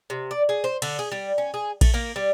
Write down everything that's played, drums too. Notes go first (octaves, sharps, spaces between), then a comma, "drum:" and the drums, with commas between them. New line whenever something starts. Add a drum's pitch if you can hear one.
C3
D5
G#4
C5
D3, drum: cymbal
G#4
G3
C#4
G#4
A3, drum: kick A#1, cymbal
A#3
G3